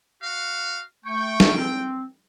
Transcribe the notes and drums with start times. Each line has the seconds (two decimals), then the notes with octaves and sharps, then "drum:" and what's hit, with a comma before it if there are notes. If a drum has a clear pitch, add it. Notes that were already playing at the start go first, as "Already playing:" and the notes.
0.22 F#4 F5
1.05 A3 G5 C#6
1.40 drum: snare
1.56 C4